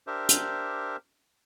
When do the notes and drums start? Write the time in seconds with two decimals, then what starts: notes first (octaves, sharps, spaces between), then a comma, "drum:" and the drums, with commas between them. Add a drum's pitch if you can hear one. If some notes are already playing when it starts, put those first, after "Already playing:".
0.07 D4 G4 A#4 C5 E5
0.29 drum: hi-hat